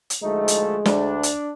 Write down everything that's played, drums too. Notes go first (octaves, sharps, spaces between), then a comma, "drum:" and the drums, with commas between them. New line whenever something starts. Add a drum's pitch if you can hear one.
drum: hi-hat
D2 F3 G#3 A3 D#4
drum: hi-hat
D2 D4, drum: snare
drum: hi-hat